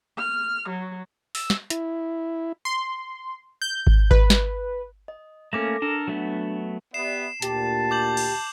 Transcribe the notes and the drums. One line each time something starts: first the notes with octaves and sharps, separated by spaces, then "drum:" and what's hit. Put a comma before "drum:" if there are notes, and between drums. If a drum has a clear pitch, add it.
F6
F#3
E6, drum: open hi-hat
drum: snare
E4, drum: hi-hat
C6
G6
drum: kick G#1
B4, drum: kick G#1
drum: snare
D#5
A3 A#3 C#4 A4 D6 A#6
D4 A4 A#4
F#3 A3 B3
B3 G4 D5 E5 C7 E7
D2 A#2 G4 A5, drum: hi-hat
D6 G6 F#7
drum: cymbal